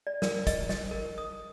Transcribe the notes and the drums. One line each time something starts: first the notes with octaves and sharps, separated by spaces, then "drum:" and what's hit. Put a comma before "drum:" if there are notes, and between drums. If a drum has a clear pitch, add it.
D5
A#4, drum: snare
D#5, drum: kick, hi-hat
D#5, drum: snare
A#4
D#6